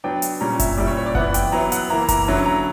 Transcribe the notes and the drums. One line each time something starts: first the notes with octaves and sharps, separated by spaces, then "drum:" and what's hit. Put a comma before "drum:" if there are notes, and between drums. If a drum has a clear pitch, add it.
F#3 B3 D4 G5
drum: hi-hat
A#2 G3 C#4 A#5
E5, drum: kick F#1, hi-hat
A#2 G3 C#4 E4 D5
C#5
C#5
D5
E3 B3 E4 F#5, drum: kick F#1
G5, drum: hi-hat
F#3 B3 E4 A#5
F#5, drum: hi-hat
E3 A#3 E4 A#5
A#5, drum: kick F#1, hi-hat
D3 F#3 C#4 E4 A#5
A#5